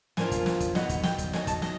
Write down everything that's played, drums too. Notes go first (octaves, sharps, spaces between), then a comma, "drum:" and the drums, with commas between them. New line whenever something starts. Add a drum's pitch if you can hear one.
A#2 F3 A#3 D4 F4 G#5, drum: snare
drum: kick, hi-hat
drum: snare
drum: kick, hi-hat
D3 F#3 B3 D#4 F#5, drum: snare
drum: kick, hi-hat
G5, drum: snare
drum: kick, hi-hat
D#3 F#3 A#3 D#4 G#5, drum: snare
A5, drum: kick, hi-hat
D#5, drum: snare